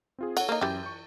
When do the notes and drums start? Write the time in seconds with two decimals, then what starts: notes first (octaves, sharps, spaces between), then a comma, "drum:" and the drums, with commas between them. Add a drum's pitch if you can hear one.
0.19 C4 F4 G#4
0.37 A4 C#5 F#5, drum: cymbal
0.49 A#3 D#4
0.61 F#2 E3 G4 G6 A6
0.83 C#6 G6